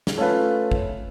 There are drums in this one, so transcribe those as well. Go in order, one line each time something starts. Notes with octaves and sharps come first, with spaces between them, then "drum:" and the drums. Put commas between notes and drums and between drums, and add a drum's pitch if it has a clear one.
drum: snare
A3 C#4 F4 B4
drum: kick